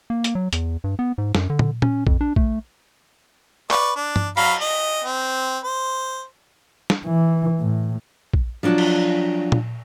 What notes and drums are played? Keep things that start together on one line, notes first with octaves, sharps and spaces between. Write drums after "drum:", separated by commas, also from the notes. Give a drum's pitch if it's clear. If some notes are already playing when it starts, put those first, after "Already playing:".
A#3
drum: hi-hat
F#3
E2, drum: hi-hat
G2
B3
G#2
F#2, drum: snare
D3
drum: tom
C#4, drum: tom
F2, drum: kick A#1
D4
A3, drum: kick A#1
B4 D5 C#6, drum: clap
D4
drum: tom
F#3 F5 B5, drum: cymbal
D#5
C4
C5
drum: snare
E3
A2
drum: kick A#1
F3 F#3 D4 F4 F#4
drum: cymbal
drum: tom